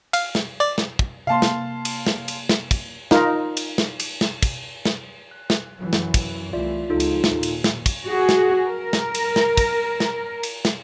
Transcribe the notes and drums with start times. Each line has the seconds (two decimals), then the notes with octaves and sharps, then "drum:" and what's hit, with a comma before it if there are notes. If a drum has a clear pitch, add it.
0.13 F5, drum: cymbal
0.35 drum: snare
0.60 D5
0.78 drum: snare
0.99 drum: kick
1.27 C3 A#3 F5 A5 C6
1.42 drum: snare
1.85 drum: cymbal
2.07 drum: snare
2.28 drum: cymbal
2.49 drum: snare
2.71 drum: kick, cymbal
3.11 D#4 F4 A#4, drum: snare
3.57 drum: cymbal
3.78 drum: snare
4.00 drum: cymbal
4.21 drum: snare
4.43 drum: kick, cymbal
4.85 drum: snare
5.31 F#6
5.50 drum: snare
5.77 F#2 E3 F#3
5.93 drum: snare
6.14 drum: kick, cymbal
6.53 C2 E3 A3 F4 D5 E5
6.89 C#2 C3 F3 D#4 F4 A4
7.00 drum: cymbal
7.24 D#2 A#2, drum: snare
7.43 drum: cymbal
7.64 drum: snare
7.86 drum: kick, cymbal
8.06 F#4 G#4
8.29 drum: snare
8.67 A#4
8.93 drum: snare
9.15 drum: cymbal
9.36 drum: snare
9.57 drum: kick, cymbal
10.00 drum: snare
10.43 drum: cymbal
10.65 drum: snare